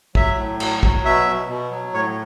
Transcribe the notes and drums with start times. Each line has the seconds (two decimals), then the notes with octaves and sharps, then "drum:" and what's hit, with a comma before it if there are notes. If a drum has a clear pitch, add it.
0.15 F#3 E5, drum: kick
0.38 A2
0.60 F#3, drum: cymbal
0.83 F#3, drum: kick
1.05 B2 E5
1.27 B2
1.49 B2
1.71 F#3
1.93 A2 C#5